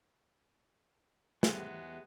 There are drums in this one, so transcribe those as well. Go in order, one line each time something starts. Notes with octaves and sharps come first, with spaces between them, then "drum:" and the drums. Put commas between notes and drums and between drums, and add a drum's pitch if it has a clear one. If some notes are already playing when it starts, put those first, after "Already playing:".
E2 F#3 G#3 B3 G4 G#4 E5, drum: snare